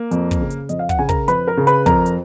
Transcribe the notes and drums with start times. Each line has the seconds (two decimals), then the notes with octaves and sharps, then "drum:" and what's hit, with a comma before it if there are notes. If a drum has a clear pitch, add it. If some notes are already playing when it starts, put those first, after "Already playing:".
Already playing: A#3
0.11 F2, drum: hi-hat
0.31 drum: kick, hi-hat
0.41 C#3
0.50 drum: hi-hat
0.69 F2 D#5, drum: hi-hat
0.79 F5
0.89 F#5, drum: kick, hi-hat
0.99 C#3 G#5
1.09 A#4 A#5, drum: kick, hi-hat
1.28 F2 B4 B5, drum: hi-hat
1.47 A#4 A#5
1.57 C#3
1.67 B4 B5, drum: hi-hat
1.86 F2 A#4 A#5, drum: kick, hi-hat
2.06 drum: hi-hat